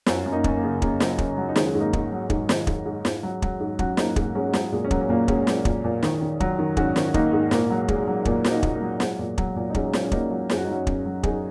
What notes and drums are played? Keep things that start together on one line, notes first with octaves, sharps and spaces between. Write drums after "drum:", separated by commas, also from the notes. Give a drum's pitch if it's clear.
F#2 C#4 F#4, drum: snare
F#2
A#3 D#4
F#2 C#4, drum: kick
A#3
C#3
C#3 A#3, drum: kick
F#3, drum: snare
C#3, drum: kick
F#3
D#4
D#3 G#3 C#4, drum: snare
G#2
A#3 D#4
G#2, drum: kick
F#3
G#2, drum: kick
D#3, drum: snare
G#2, drum: kick
G#2
G#2, drum: snare
F#3
F#3, drum: kick
G#2
F#3 C#4 F#4, drum: kick
G#2 A#3 D#4, drum: snare
G#2 A#3, drum: kick
F#3 G#3 C#4
F#3 G#3, drum: snare
A#2 G#3
C#4
F#3 A#3, drum: kick
C#4
A#2 A#3
F#3 G#3 C#4, drum: kick
F#3, drum: snare
A#2, drum: kick
A#2
D#3, drum: snare
D#3
F#3, drum: kick
D#3
G#2 C#4 F#4, drum: kick
D#3, drum: snare
D#3 A#3 D#4, drum: kick
G#2
A#2 A#3, drum: snare
F#3
F#3 G#3, drum: kick
F#3
A#2 A#3, drum: kick
F#3 F#4, drum: snare
A#3 D#4
A#2, drum: kick
A#3
F#3
F#3 G#3, drum: snare
A#2
F#3, drum: kick
A#2
D#4
F#3 G#3 C#4, drum: kick
F#3, drum: snare
C#4
F#3 A#3 D#4, drum: kick
F#3
F#2 G#4, drum: snare
F#4
D#4
F#3 C#4 F#4
F#2, drum: kick
F#3
F#2 D#4 G#4, drum: kick